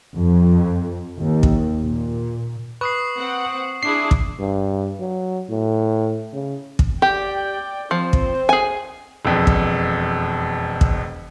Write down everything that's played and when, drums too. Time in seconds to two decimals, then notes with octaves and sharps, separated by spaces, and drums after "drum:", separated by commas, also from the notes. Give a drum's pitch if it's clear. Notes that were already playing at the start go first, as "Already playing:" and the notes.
0.17 F2
1.19 D#2
1.43 drum: kick
1.81 A#2
2.81 B4 C#6 D#6 C7
3.16 C4 F#5
3.83 D4 E4 G#4 C7
4.11 drum: kick
4.39 G2
5.00 F#3
5.50 A2
6.33 C#3
6.79 drum: kick
7.02 G4 D5 G5
7.91 F3 C4 C5
8.13 drum: kick
8.49 G#4 G#5
9.25 E1 F2
9.47 drum: kick
10.81 drum: kick